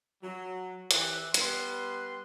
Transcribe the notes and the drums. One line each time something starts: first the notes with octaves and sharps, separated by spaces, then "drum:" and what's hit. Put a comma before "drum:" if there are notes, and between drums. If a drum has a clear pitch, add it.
F#3
E3 G4 E5 F#6, drum: hi-hat
G3 B3 C6, drum: hi-hat